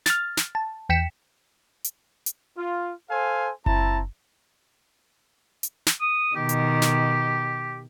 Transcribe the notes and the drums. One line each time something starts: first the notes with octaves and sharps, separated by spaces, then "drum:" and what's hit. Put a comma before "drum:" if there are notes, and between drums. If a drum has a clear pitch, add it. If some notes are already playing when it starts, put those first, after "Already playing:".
F6 A6, drum: snare
drum: snare
A5
E2 G5 B6 C#7 E7
drum: hi-hat
drum: hi-hat
F4
A4 C5 F5 G#5
C4 E4 A5 A#5, drum: kick F#1
drum: hi-hat
drum: snare
D#6
B2 D#3 G4
drum: hi-hat
drum: snare